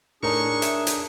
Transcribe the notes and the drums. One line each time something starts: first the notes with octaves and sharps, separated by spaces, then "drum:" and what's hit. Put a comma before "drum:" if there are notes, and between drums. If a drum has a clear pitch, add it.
A2 A3 D4 D#4 G#4 A#4 C#5 C#6
E5, drum: hi-hat
drum: hi-hat